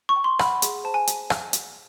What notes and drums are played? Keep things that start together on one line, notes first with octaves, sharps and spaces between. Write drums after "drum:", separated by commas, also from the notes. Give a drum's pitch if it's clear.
C#6
G5
C6
F#5 B5, drum: rim click
G#4, drum: hi-hat
C5 A5
G#5
drum: hi-hat
drum: rim click
drum: hi-hat